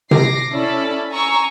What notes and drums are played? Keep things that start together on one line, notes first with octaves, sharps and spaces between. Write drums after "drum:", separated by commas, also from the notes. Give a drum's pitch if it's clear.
D6 A#6 C7, drum: tom C3
C#4 E4 A4 D5 A5 B5
G#5 A#5 C#6 E6